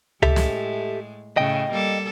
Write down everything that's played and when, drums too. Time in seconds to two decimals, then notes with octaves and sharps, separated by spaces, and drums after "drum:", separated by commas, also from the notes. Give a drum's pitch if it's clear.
0.23 A2 G#3 G4 A4 E5, drum: tom C#2
0.36 drum: snare
1.37 A2 C#3 D#5 G5
1.72 G3 A#3 A4